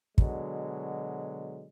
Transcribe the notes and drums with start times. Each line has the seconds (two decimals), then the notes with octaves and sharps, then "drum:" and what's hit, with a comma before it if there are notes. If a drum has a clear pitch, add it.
0.18 B2 D3 F#3 G#3, drum: kick